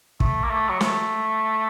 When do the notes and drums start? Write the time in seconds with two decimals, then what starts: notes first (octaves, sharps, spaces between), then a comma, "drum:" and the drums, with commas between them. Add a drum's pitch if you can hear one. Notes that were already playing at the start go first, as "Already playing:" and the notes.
0.20 A3, drum: kick
0.44 A#3
0.50 A3
0.69 F#3
0.81 A3, drum: snare